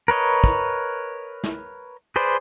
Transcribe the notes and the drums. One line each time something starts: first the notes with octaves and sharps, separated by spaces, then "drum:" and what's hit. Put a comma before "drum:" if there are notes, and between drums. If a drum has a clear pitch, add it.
A#4 B4 C#5 D#5
drum: kick
drum: snare
G#4 B4 C5 D5